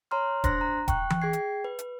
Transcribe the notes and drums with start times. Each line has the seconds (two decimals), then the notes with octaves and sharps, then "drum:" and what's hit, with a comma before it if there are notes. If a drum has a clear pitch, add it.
0.11 C#5 A#5 C6 F6
0.44 D4 C5 C6 F#6 A#6, drum: kick D#1, hi-hat
0.61 A#5
0.88 G5 C#6 F#6, drum: kick D#1, hi-hat
1.10 drum: tom E3
1.22 G#4 G5 G#6 C7
1.33 drum: hi-hat
1.64 B4
1.79 drum: hi-hat